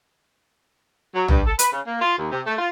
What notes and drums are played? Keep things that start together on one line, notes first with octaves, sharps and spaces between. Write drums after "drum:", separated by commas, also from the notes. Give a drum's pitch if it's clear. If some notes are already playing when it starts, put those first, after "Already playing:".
F#3
G2, drum: tom A#1
A4
B4, drum: hi-hat
C#3
A#3
F4
D#2
C3
A3
F4